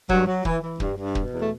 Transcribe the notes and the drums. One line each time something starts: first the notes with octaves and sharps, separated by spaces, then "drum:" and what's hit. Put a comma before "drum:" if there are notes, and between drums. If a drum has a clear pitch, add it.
G2 F#3, drum: kick
F#3
E3, drum: kick
E3
G2, drum: kick
G2
B2, drum: kick
E2
A3